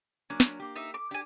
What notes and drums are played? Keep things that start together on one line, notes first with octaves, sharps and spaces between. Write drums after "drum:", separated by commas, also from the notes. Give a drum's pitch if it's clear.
F#3 A#3 C#4 D4
drum: snare
A#3 G4
D#4 E5
D6
D4 G4 G#5